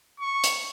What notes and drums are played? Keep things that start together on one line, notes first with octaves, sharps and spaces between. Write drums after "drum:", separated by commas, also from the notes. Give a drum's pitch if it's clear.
C#6
drum: hi-hat